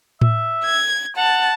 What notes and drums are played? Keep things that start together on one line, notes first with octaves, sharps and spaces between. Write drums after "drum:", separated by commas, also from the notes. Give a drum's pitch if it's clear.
E5, drum: tom A2
G#6
F#5 A5